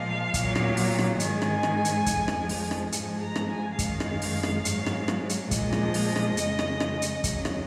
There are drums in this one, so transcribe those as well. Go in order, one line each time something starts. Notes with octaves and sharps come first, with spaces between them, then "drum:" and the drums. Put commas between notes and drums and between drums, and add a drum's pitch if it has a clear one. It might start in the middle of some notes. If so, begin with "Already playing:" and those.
Already playing: A#2 F3 G#3 F5
A#2 F#3, drum: kick, hi-hat
drum: rim click
drum: open hi-hat
drum: rim click
G#2 D#3 G#3 G#5, drum: hi-hat
drum: rim click
drum: rim click
drum: hi-hat
F2 F3 G#3, drum: kick, hi-hat
drum: rim click
drum: open hi-hat
drum: rim click
G#2 F3 G#3 G#5, drum: hi-hat
A#5
drum: rim click
G#5
F#2 D#3 G#3 F5, drum: kick, hi-hat
drum: rim click
drum: open hi-hat
drum: rim click
G#2 F#3, drum: hi-hat
drum: rim click
drum: rim click
drum: hi-hat
A#2 F3 G#3 D#5, drum: kick, hi-hat
drum: rim click
drum: open hi-hat
drum: rim click
F2 C#3 G#3, drum: hi-hat
drum: rim click
drum: rim click
drum: hi-hat
F#2 C#3 F#3, drum: kick, hi-hat
drum: rim click